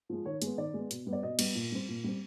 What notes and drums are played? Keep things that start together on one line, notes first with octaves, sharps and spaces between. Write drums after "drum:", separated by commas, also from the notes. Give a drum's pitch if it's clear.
F3 G#3
D#3 C#5
G#3 B3, drum: hi-hat
D#3 D5
G#3 B3
B2, drum: hi-hat
G3 B3
D5
B2 D#5
G3 B3, drum: cymbal
A#2
G3 C4
A#2
G3 C4